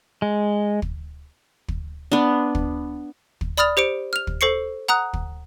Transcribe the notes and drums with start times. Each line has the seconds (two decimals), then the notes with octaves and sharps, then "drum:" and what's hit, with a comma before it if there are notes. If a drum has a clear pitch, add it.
0.22 G#3
0.82 drum: kick
1.68 drum: kick
2.12 B3 D4
2.55 drum: kick
3.41 drum: kick
3.57 D5 B5 D#6 F6 A6 F7
3.77 G4 C5 C#7 D7
4.13 F6 F7
4.27 drum: kick
4.41 A4 C5 C#6 C7 C#7
4.88 F#5 A#5 D#6 F#6
5.13 drum: kick